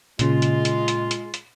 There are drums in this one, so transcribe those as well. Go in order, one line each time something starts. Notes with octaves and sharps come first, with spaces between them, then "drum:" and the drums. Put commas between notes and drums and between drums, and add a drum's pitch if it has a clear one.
A#2 C#3 G#3 F4, drum: hi-hat
drum: hi-hat
drum: hi-hat
drum: hi-hat
drum: hi-hat
drum: hi-hat